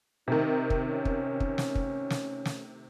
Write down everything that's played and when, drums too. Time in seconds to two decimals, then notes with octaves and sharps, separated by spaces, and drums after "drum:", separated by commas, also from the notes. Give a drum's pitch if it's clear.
0.28 C3 D#3 D#4
0.70 drum: kick
0.88 C#4
1.05 drum: kick
1.40 drum: kick
1.58 drum: snare
1.75 drum: kick
2.10 drum: snare
2.45 drum: snare